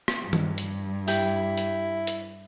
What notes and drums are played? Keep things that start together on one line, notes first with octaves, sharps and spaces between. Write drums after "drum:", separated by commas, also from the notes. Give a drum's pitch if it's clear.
drum: rim click
G2
drum: tom D#3
drum: hi-hat
E4 G4, drum: open hi-hat
drum: hi-hat
drum: hi-hat